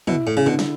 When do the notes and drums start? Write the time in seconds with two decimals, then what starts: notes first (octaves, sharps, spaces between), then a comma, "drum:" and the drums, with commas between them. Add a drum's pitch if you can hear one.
0.07 B2 E4, drum: tom
0.27 A2
0.37 C#3
0.46 B2 D3
0.59 drum: snare